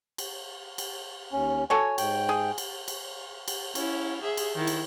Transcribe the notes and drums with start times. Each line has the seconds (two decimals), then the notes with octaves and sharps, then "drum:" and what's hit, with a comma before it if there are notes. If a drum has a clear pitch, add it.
0.18 drum: cymbal
0.78 drum: cymbal
1.33 D#2 C#4
1.70 F#4 A4 C#5 G#5
1.98 G#2 G5, drum: cymbal
2.29 G#4
2.58 drum: cymbal
2.88 drum: cymbal
3.48 drum: cymbal
3.75 C#4 E4, drum: cymbal
4.22 G#4 E5
4.37 drum: cymbal
4.56 D#3 E4
4.67 drum: cymbal